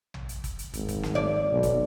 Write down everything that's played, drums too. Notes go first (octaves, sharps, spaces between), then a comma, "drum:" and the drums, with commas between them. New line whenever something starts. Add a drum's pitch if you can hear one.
drum: tom
drum: hi-hat
drum: kick, hi-hat
drum: hi-hat
G#1, drum: kick, hi-hat
drum: kick, hi-hat
drum: snare
D5
B1
drum: kick, hi-hat